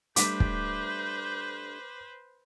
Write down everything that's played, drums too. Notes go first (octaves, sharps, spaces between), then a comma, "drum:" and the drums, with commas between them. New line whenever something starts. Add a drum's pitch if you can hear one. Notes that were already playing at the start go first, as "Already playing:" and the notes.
G3 A3 D4 B4 C5 D6 G6 B6, drum: hi-hat
drum: kick